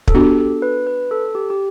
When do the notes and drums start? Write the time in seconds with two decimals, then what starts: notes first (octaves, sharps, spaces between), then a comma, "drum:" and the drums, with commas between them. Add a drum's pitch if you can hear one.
0.08 A4, drum: kick
0.14 B3 D4 F#4 G4
0.39 A4
0.62 B4
0.87 B4
1.11 A4
1.35 G4
1.50 G4